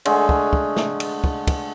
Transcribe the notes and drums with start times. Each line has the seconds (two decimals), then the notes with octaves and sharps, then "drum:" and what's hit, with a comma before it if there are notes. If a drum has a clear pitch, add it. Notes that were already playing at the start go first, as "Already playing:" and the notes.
0.05 D3 G#3 A3, drum: cymbal
0.29 drum: kick
0.53 drum: kick
0.76 drum: snare
1.00 drum: cymbal
1.24 drum: kick
1.47 drum: kick, cymbal